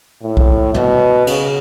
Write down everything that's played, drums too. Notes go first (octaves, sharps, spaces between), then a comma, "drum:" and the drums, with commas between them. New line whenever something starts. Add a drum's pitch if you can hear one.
A2
drum: kick
B2, drum: tom
C#3, drum: cymbal